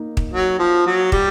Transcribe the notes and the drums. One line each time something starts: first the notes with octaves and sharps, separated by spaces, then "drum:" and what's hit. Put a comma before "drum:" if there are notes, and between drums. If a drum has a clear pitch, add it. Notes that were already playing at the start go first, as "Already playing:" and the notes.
Already playing: A#3 D#4
drum: kick
F#3
F3
F#3
G3, drum: kick